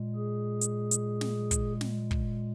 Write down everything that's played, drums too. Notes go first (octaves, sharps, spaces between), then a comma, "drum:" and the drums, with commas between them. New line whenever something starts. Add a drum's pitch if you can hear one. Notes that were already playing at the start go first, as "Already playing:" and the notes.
Already playing: A#2 G#3
G#4
drum: hi-hat
drum: hi-hat
drum: snare
drum: kick, hi-hat
drum: snare
drum: kick